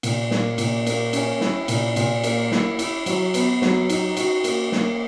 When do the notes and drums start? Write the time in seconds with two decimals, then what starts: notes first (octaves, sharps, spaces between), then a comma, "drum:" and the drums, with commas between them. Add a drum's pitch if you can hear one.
0.03 A#2, drum: cymbal
0.31 A#3, drum: snare
0.58 A#2, drum: cymbal
0.87 A#3, drum: cymbal
1.13 C#4, drum: cymbal
1.41 E4, drum: snare
1.68 A#2, drum: cymbal
1.96 A#2, drum: cymbal
2.24 A#3, drum: cymbal
2.51 E4, drum: snare
2.79 E4, drum: cymbal
3.06 F#3, drum: cymbal
3.34 B3, drum: cymbal
3.62 F#3, drum: snare
3.89 D#4, drum: cymbal
4.17 F#4, drum: cymbal
4.44 A#3, drum: cymbal
4.72 A#3, drum: snare